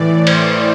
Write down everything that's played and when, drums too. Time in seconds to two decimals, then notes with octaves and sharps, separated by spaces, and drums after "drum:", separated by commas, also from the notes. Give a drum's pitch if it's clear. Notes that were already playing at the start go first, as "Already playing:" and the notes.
Already playing: A2 E3 D5
0.27 C5, drum: cymbal